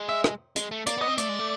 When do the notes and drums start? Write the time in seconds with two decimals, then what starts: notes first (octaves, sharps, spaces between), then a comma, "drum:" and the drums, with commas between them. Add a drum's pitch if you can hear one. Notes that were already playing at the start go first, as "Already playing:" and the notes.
Already playing: G#3
0.09 E5
0.24 drum: rim click
0.56 G#3, drum: hi-hat
0.71 A3
0.87 A#3 D5, drum: hi-hat
0.98 B3 D#5
1.08 C4
1.18 A3 D5, drum: hi-hat
1.29 G#3
1.39 A3